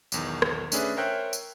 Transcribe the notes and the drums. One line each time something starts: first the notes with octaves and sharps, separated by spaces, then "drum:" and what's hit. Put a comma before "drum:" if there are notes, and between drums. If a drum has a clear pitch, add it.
B1 E2 D#3, drum: tambourine
drum: rim click
A3 C#4 D4 G#4 B4 E5, drum: tambourine
A#4 C5 C#5 E5 G5 F#6
drum: tambourine